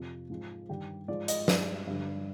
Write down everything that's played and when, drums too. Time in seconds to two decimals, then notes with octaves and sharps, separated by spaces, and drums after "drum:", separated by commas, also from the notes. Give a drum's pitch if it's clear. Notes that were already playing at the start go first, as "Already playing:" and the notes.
Already playing: F2 C3 F3
0.30 G#2 F3 G#3
0.69 G2 D#3 G3 G4
1.08 G#2 F3 G#3 D5
1.28 D#5, drum: hi-hat
1.48 G2 F3 G#3 D5, drum: snare
1.87 G2 D3 G3